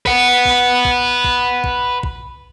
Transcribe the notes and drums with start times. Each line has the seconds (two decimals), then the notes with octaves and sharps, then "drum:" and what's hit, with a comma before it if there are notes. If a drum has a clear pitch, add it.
0.06 B4 F#5, drum: kick
0.45 drum: kick
0.85 drum: kick
1.24 drum: kick
1.64 drum: kick
2.03 drum: kick